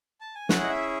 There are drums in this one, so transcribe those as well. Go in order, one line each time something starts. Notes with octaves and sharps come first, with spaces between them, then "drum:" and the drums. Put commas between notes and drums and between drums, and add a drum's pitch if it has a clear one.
A5
G#5
C#4 E4 G#4 F#5, drum: snare
D#5
E5